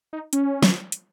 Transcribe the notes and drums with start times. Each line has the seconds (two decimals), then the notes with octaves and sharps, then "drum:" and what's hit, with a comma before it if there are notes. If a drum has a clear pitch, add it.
0.13 D#4
0.33 C#4, drum: hi-hat
0.63 drum: snare
0.92 drum: hi-hat